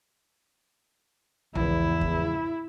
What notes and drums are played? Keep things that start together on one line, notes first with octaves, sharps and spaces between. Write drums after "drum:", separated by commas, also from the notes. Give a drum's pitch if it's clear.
E2 G#2 C#3 F3 E4, drum: tom B1
drum: kick